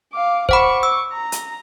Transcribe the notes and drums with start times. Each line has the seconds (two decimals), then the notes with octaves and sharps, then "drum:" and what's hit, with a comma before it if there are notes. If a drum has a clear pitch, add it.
0.13 F5 D6
0.49 C5 F#5 B5 C#6 D6, drum: kick
0.83 E6
1.13 A#5
1.32 drum: hi-hat